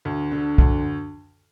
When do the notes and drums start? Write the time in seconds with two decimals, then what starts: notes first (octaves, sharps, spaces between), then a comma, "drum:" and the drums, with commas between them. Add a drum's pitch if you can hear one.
0.05 D2
0.31 D3
0.58 D2, drum: kick B1